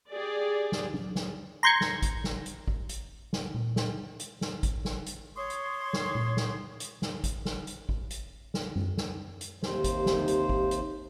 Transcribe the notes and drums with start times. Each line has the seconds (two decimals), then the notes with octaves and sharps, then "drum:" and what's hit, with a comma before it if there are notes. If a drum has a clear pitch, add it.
0.11 G4 G#4 D5
0.72 drum: snare
0.94 drum: tom
1.16 drum: snare
1.63 A#5 C6 G6 G#6 C#7
1.81 drum: snare
2.02 drum: kick, hi-hat
2.24 drum: snare
2.46 drum: hi-hat
2.68 drum: kick
2.89 drum: hi-hat
3.33 drum: snare
3.54 drum: tom A#2
3.76 drum: snare
4.20 drum: hi-hat
4.41 drum: snare
4.63 drum: kick, hi-hat
4.85 drum: snare
5.06 drum: hi-hat
5.36 C#5 C6 C#6 D#6
5.50 drum: hi-hat
5.93 drum: snare
6.15 drum: tom A#2
6.37 drum: snare
6.80 drum: hi-hat
7.02 drum: snare
7.24 drum: kick, hi-hat
7.45 drum: snare
7.67 drum: hi-hat
7.89 drum: kick
8.11 drum: hi-hat
8.54 drum: snare
8.76 drum: tom F#2
8.97 drum: snare
9.41 drum: hi-hat
9.63 D#2 C3 C5, drum: snare
9.84 drum: kick, hi-hat
10.06 drum: snare
10.28 drum: hi-hat
10.49 drum: kick
10.71 drum: hi-hat